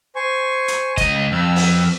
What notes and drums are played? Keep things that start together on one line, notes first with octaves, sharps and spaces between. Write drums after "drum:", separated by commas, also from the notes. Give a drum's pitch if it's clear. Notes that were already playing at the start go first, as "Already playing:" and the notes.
C5 G#5 C#6
drum: hi-hat
C#2 D#5, drum: kick, hi-hat
F2 E6 F6
drum: open hi-hat